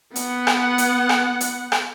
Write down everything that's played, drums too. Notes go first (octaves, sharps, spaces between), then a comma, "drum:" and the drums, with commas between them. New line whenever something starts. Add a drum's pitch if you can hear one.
B3 F#5, drum: hi-hat
drum: rim click
drum: hi-hat
drum: rim click
drum: hi-hat
drum: rim click